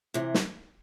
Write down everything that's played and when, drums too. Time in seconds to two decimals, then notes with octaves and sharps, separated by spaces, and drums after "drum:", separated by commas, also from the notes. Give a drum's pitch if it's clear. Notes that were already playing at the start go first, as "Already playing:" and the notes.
0.14 C3 E3
0.34 drum: snare